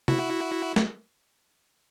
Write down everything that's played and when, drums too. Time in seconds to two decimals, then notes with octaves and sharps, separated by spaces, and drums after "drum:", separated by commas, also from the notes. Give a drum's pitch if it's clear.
0.08 E4 F#4, drum: tom C3
0.76 drum: snare